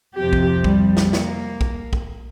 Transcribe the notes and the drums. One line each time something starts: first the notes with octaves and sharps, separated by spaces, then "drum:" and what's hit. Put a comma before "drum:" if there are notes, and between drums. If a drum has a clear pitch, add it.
F2 C3 F3 G4
drum: kick
G3, drum: kick
drum: snare
A#3, drum: snare
drum: kick
drum: kick